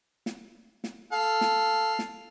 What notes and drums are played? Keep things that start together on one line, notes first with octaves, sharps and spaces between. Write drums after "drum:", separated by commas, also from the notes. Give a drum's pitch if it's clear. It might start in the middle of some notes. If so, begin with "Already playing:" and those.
drum: snare
drum: snare
A4 F5
drum: snare
drum: snare